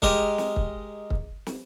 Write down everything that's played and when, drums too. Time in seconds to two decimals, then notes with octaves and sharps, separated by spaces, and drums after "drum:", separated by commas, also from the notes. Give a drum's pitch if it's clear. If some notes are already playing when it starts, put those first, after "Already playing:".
0.02 G#3 G4 A#4 D#5, drum: kick C#1
0.38 drum: snare
0.56 drum: kick C#1
1.10 drum: kick C#1
1.46 drum: snare